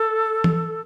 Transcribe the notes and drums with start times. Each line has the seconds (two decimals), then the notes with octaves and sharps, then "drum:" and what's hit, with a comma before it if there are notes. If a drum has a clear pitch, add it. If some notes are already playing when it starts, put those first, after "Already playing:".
Already playing: A4
0.44 drum: tom E3